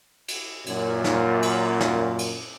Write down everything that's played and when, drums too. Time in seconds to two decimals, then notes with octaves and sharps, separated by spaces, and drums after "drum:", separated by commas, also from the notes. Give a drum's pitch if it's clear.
0.28 drum: cymbal
0.66 F#2 A#2, drum: cymbal
1.04 drum: snare
1.42 drum: cymbal
1.80 drum: snare
2.19 drum: cymbal